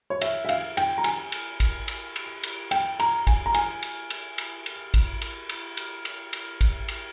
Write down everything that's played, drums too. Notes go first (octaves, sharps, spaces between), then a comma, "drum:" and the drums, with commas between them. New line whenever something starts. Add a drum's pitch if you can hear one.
C#5
E5, drum: cymbal
E5
F5, drum: cymbal
G5, drum: cymbal
A#5
G#5, drum: cymbal
drum: cymbal
drum: kick, cymbal
drum: cymbal
drum: cymbal
drum: cymbal
G5, drum: cymbal
A#5, drum: cymbal
G#5, drum: kick, cymbal
A#5
G#5, drum: cymbal
drum: cymbal
drum: cymbal
drum: cymbal
drum: cymbal
drum: kick, cymbal
drum: cymbal
drum: cymbal
drum: cymbal
drum: cymbal
drum: cymbal
drum: kick, cymbal
drum: cymbal